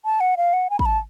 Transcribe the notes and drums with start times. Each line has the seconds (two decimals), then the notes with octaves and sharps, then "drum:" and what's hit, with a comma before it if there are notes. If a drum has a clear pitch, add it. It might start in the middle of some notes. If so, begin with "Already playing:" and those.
0.05 A5
0.20 F#5
0.37 F5
0.53 F#5
0.70 G#5
0.79 B5, drum: kick
0.86 A5